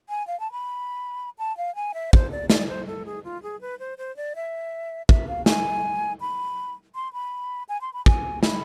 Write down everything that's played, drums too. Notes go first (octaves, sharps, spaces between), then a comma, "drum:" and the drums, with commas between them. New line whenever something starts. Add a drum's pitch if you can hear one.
G#5
F5
A5
B5
A5
F5
G#5
E5
C5, drum: kick
D5
D5, drum: snare
C5
A4
G#4
F4
G#4
B4
C5
C5
D5
E5
E5, drum: kick
F5
G#5, drum: snare
B5
C6
B5
G#5
C6
B5
G#5, drum: kick
B5, drum: snare